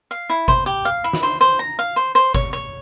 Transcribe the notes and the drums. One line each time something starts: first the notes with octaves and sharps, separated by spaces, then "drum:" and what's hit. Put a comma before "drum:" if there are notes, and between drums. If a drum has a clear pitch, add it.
F5
E4
C5, drum: kick G1
G4
F5
E4
drum: snare
C5
C5
A#5
F5
C5
C5
C#5, drum: kick G1
C#5